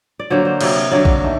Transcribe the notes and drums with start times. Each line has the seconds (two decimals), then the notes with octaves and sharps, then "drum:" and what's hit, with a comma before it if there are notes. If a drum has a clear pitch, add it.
0.19 D5
0.30 D3 F#3 A#3 C5
0.45 C5
0.61 C3 F#3 A#3, drum: cymbal
0.91 D3 F#3 A#3 D5
1.05 drum: kick
1.23 D#3 A3